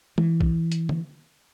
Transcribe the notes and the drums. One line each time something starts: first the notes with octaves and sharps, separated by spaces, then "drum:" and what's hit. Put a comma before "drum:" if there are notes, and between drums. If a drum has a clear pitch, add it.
E3, drum: tom
drum: kick
drum: hi-hat
drum: tom